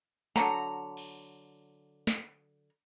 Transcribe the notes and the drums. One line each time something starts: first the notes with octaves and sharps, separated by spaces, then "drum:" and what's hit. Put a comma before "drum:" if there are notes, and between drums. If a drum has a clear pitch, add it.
D3 F#3 A#5, drum: snare
drum: cymbal
drum: snare